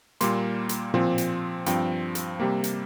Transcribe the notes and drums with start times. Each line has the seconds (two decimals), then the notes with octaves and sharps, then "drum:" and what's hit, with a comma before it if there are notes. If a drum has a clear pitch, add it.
0.21 A#2 G3 A#3 C6, drum: hi-hat
0.69 drum: hi-hat
0.94 A#2 F3 C4, drum: tom A2
1.18 drum: hi-hat
1.66 G2 F3 C4 G5, drum: hi-hat
2.15 drum: hi-hat
2.40 C3 G3 A#3
2.64 drum: hi-hat